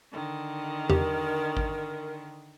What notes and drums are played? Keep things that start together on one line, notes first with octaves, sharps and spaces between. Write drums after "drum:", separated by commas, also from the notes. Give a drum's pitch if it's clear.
D3 D#3
G4 A#4, drum: tom E2
drum: kick G#1